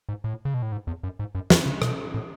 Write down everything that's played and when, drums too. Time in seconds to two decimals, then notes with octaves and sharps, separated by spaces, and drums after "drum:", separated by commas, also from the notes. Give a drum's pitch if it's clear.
0.09 G#2
0.24 A2
0.45 C#3
0.54 B2
0.62 A2
0.72 G#2
0.87 E2
1.03 F#2
1.19 G#2
1.35 F#2
1.50 E2, drum: snare
1.66 C#3
1.82 B2, drum: rim click
2.14 A2